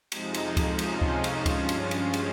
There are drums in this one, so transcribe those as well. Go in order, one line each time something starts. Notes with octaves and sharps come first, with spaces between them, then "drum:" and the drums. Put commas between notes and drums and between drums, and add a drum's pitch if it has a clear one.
F2 C3 F3 G#3 D#4, drum: cymbal
drum: cymbal
drum: kick C#2, cymbal
C#4 F4, drum: cymbal
drum: kick C#2
drum: cymbal
G2 F3 G#3, drum: kick C#2, cymbal
drum: cymbal
drum: cymbal
drum: cymbal